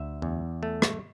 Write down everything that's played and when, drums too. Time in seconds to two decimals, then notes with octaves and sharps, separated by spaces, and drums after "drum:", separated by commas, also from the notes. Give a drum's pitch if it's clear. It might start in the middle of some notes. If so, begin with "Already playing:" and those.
Already playing: D2 E5
0.22 E2
0.63 A3
0.82 drum: rim click